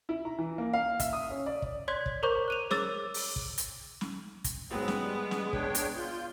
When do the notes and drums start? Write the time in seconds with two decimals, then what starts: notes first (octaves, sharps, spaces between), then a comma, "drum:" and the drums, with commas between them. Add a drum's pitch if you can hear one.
0.09 E4
0.25 A#5
0.39 E3
0.58 A#3
0.73 F5
1.00 E5, drum: kick, hi-hat
1.13 D#6
1.31 C#4
1.46 D5
1.62 drum: kick
1.88 C#5 D5 C6 G#6 B6
2.06 drum: kick
2.23 A#4 C5 A#5 C#6 D6 G6
2.48 F#6 D#7 F7
2.70 G#4 C#5 D6 E6 A6, drum: snare
3.14 drum: open hi-hat
3.36 drum: kick
3.58 drum: hi-hat
4.01 drum: snare
4.44 drum: kick, hi-hat
4.70 G#2 F#3 G#3 B3 C4
4.88 drum: snare
5.02 G3
5.31 drum: snare
5.53 D4 C#5 G5, drum: kick
5.75 drum: hi-hat
5.97 F4 G6